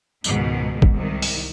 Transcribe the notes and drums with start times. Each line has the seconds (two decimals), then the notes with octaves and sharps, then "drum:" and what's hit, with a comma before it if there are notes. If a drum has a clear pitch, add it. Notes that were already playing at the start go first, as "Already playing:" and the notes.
0.24 C#2 G#2 B2 D#3, drum: tambourine
0.82 drum: kick
0.94 C2 D#3
1.22 drum: open hi-hat